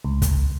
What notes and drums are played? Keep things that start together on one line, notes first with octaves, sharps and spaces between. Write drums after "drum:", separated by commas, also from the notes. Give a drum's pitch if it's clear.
C#2
drum: kick, hi-hat